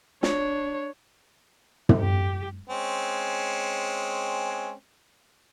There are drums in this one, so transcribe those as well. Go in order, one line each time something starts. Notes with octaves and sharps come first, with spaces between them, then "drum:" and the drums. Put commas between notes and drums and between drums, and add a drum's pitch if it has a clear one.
D4 C#5, drum: snare
drum: tom
G4
G#3 C4 C#4